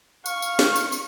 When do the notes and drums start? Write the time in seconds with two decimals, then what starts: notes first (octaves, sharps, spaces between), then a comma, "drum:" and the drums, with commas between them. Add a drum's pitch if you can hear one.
0.26 F5 C#6, drum: tambourine
0.42 drum: tambourine
0.59 drum: snare
0.76 drum: tambourine
0.92 drum: tambourine